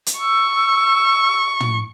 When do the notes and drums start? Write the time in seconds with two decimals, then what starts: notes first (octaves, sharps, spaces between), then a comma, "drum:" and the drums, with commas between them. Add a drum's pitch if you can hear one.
0.06 drum: hi-hat
0.19 C#6 E6
1.60 drum: tom